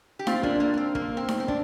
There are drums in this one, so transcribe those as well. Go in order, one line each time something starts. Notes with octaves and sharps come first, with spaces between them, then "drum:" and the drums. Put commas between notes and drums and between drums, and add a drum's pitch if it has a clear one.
G4
C4 F4, drum: snare D#4
A#3 D4, drum: kick
A#3 D4
A#3
C4
A#3, drum: kick
C4
drum: snare D#4
C4
D4, drum: kick